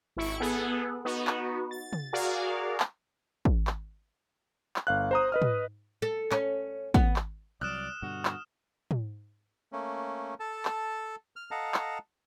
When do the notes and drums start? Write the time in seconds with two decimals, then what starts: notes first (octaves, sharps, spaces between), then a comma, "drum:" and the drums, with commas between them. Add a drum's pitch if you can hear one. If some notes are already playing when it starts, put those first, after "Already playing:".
0.17 G#1 E4 C#6 D7
0.41 B3 G#4 A4 F#5
1.05 B3 D#4 F#4
1.27 drum: clap
1.71 A6
1.93 drum: tom
2.13 F#4 G#4 A#4 D5 F5
2.80 drum: clap
3.45 drum: kick
3.67 drum: clap
4.76 drum: clap
4.87 G1 F5 F#6
5.11 C5 A#5 D#6
5.32 B4 D#5 F6
5.42 drum: tom
6.02 A4
6.32 C#4, drum: clap
6.94 B3, drum: kick
7.16 drum: clap
7.61 C2 E3 F#3 D5 D#6 F6 F#6 E7
8.02 G2 B2 D3 F#4
8.25 drum: clap
8.91 drum: tom
9.72 A3 A#3 C#4
10.40 A4 A5
10.65 drum: clap
11.36 F6
11.51 A4 D#5 F5 F#5 A5 A#5
11.74 drum: clap